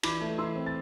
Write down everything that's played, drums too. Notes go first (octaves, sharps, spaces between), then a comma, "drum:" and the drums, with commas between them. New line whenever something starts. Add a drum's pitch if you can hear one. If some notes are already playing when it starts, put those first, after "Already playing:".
E3 B5 D6, drum: cymbal
A3
E3 C6 E6
C4
A6